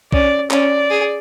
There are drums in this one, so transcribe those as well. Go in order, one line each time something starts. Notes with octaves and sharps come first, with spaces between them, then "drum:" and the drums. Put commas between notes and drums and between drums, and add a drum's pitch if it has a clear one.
C#4 D5, drum: kick
C#4 D5, drum: clap
G#4